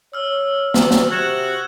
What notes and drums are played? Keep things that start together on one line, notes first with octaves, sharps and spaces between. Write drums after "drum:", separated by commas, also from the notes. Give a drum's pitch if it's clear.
C#5 E6 F6
drum: snare
drum: snare
C3 F#4 G#6 E7